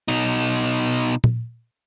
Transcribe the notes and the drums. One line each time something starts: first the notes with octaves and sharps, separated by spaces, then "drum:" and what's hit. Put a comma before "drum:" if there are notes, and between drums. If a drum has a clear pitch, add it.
B2 D#4, drum: open hi-hat
drum: tom A#2